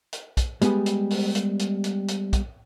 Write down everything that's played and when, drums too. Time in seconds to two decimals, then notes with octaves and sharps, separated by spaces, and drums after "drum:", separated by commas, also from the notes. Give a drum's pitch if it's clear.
0.13 drum: hi-hat
0.37 drum: kick, hi-hat
0.62 G3 G#3 B3 G4 G#4, drum: hi-hat
0.86 drum: hi-hat
1.10 drum: open hi-hat
1.35 drum: hi-hat
1.59 drum: hi-hat
1.84 drum: hi-hat
2.08 drum: hi-hat
2.33 drum: kick, hi-hat